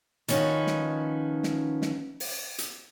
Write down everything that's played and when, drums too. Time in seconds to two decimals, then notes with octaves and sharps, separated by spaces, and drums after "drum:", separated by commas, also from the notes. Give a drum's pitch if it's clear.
0.28 D#3 F3 C#4 D#4 F#4 B4, drum: hi-hat
0.67 drum: snare
1.43 drum: snare
1.82 drum: snare
2.20 drum: open hi-hat
2.58 drum: hi-hat